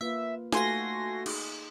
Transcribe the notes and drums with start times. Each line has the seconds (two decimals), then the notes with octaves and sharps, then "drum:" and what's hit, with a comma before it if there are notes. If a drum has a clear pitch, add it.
0.01 A#3 F4 B4 E5
0.52 A3 D#4 F#4 A4 F5 G#5 C6 A#6, drum: snare
1.26 D#4 G#4, drum: cymbal